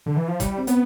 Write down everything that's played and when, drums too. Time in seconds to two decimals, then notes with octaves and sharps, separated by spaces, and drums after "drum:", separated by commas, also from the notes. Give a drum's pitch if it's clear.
0.06 D3
0.16 E3
0.28 F3
0.40 G3 E4, drum: kick, hi-hat
0.58 C4
0.67 B3, drum: hi-hat